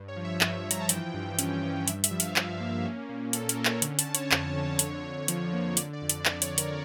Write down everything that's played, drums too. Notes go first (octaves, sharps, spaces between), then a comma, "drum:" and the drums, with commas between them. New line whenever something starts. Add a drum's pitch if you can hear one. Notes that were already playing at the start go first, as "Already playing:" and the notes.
Already playing: G2
C#5
F3
E5
G2, drum: clap
F3
A#5, drum: hi-hat
A5
E3 G5, drum: hi-hat
G2
C#4, drum: hi-hat
G2
G2 E5, drum: hi-hat
E5, drum: hi-hat
F3
F5, drum: hi-hat
F3, drum: clap
A#3
C#4
A#2
A#2 A4, drum: hi-hat
A#4, drum: hi-hat
C#4
C#5, drum: clap
D3, drum: hi-hat
A5, drum: hi-hat
D3
C#5, drum: hi-hat
F2, drum: clap
D3
F2 C#5, drum: hi-hat
D3
F3, drum: hi-hat
A#3
D3 D5, drum: hi-hat
D5
F2
D5, drum: hi-hat
F2 D5, drum: clap
C#5, drum: hi-hat
D3
A#4, drum: hi-hat